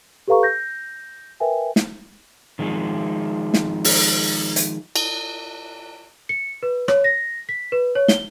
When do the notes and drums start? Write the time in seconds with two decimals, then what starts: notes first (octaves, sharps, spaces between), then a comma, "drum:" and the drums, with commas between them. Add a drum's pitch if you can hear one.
0.28 G4 A4 B4 F5 A#5 C#6
0.43 G6 A#6
1.40 A#4 B4 E5 G5 G#5
1.76 drum: snare
2.59 D#3 F3 G#3
3.54 drum: snare
3.84 drum: open hi-hat
4.56 drum: hi-hat
4.96 drum: cymbal
6.29 C#7
6.63 B4
6.88 C#5, drum: rim click
7.04 A#6
7.49 B6
7.72 B4
7.95 C#5
8.08 G7, drum: snare